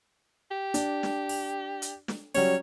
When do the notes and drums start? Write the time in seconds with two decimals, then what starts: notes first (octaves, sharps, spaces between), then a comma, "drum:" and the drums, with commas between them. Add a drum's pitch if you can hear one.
0.51 G4
0.74 D4, drum: hi-hat
1.03 drum: snare
1.29 drum: open hi-hat
1.82 drum: hi-hat
2.08 drum: snare
2.35 F#3 G3 C#4 C#5, drum: open hi-hat